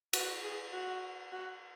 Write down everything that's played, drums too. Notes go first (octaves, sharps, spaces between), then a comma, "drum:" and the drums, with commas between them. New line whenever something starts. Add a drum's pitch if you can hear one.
F#4, drum: cymbal
G#4
F#4
F#4